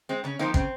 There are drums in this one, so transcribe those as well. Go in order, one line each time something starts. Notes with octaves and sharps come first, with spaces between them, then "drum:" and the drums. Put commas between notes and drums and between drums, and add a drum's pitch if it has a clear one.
G#3 C4
C#3 C#4
F3 A#3 C4 D#4
C#3 C4, drum: kick